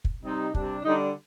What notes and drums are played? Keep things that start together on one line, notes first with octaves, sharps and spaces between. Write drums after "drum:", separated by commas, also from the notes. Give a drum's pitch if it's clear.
drum: kick
C3 G3 C4 D#4
C3 G3 D4, drum: kick
D3 G3 D4 D#4